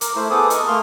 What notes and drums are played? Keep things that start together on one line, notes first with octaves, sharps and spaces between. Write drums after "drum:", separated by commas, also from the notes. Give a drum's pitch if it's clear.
A#4 D6, drum: hi-hat
A3 E4 C5
B3 G#4 A4 D6 D#6
A#4 D#5 C#6, drum: hi-hat
A3 A#3 C6 F6